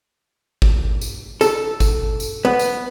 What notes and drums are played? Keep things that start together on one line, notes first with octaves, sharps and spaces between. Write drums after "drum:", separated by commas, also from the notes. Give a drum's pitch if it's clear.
drum: kick G#1
drum: tambourine
A4, drum: tambourine
drum: kick G#1, tambourine
drum: tambourine
B3
drum: tambourine